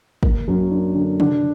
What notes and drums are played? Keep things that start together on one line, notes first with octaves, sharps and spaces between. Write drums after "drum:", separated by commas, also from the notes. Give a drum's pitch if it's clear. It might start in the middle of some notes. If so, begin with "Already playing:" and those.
A#3, drum: kick
F#2
D4
D3
D4, drum: tom